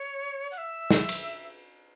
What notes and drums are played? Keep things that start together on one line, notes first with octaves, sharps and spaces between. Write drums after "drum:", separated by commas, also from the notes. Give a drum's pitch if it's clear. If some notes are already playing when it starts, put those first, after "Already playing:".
Already playing: C#5
F#5
E5
drum: snare
drum: cymbal